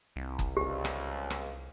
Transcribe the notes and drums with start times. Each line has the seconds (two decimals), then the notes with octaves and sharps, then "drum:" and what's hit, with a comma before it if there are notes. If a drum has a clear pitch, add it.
0.16 C2
0.39 drum: kick F#1
0.57 C#2 G4
0.85 drum: rim click
1.30 drum: rim click